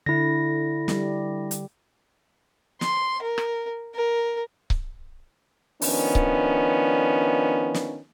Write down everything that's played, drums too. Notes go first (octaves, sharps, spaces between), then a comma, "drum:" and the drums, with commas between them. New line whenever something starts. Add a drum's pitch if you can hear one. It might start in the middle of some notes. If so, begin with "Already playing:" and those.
D3 E4 A#6
G3, drum: snare
drum: hi-hat
C6, drum: snare
A#4
drum: rim click
A#4
drum: kick C#1
D#3 F3 B3 C#4 D4, drum: open hi-hat
drum: kick C#1
drum: snare